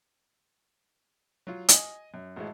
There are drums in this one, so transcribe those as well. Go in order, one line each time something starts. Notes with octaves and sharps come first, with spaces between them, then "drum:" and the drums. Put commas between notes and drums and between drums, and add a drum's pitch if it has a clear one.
F#3 F4
D#5 G#5, drum: hi-hat
F#2
G#1 A2 E3 G#3